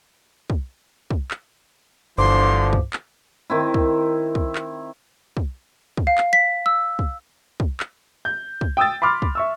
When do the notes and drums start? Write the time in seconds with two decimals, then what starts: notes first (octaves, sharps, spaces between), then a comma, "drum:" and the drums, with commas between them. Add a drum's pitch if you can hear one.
0.50 drum: kick
1.11 drum: kick
1.31 drum: clap
2.18 G1 G2 D3 E3 F3 C5 C6 D6
2.73 drum: kick
2.93 drum: clap
3.50 D#3 C4 E4
3.74 drum: kick
4.35 drum: kick
4.55 drum: clap
5.37 drum: kick
5.97 drum: kick
6.07 F5
6.18 drum: clap
6.33 B6
6.66 E6
6.99 drum: kick
7.60 drum: kick
7.80 drum: clap
8.25 G6
8.61 drum: kick
8.77 G5 D#6 E6 A6
9.02 B5 C6 D6 F6
9.22 drum: kick
9.35 E5 C#6 E6